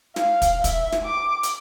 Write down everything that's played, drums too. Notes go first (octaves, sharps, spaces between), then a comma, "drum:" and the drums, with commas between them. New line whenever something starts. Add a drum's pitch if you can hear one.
F5, drum: snare
drum: kick, hi-hat
E5, drum: kick, hi-hat
drum: snare
D6
drum: hi-hat